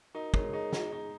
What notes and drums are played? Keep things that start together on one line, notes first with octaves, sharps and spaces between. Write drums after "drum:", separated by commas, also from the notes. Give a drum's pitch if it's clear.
D#4 F#4 A#4
G#3 A#4 C#5, drum: kick
D#4 G#4
D#4 G#4, drum: snare
D#4